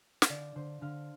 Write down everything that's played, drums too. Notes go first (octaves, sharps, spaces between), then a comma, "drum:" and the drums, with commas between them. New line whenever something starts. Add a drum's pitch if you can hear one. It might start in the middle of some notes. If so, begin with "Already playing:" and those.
F5, drum: snare
D3 D5
D3 C5
D3 F5